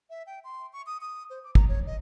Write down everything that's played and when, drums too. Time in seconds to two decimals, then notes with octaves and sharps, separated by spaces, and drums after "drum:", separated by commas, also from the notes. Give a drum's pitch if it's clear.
0.10 E5
0.27 G5
0.44 C6
0.73 C#6
0.86 D#6
1.01 D#6
1.30 C5
1.44 D6
1.55 A#5, drum: kick
1.68 C#5
1.87 D#5